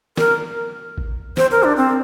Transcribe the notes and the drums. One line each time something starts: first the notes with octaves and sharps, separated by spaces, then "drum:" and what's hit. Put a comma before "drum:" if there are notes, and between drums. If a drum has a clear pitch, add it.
A#4, drum: snare
drum: kick A1
C5, drum: snare
A#4
D4
C4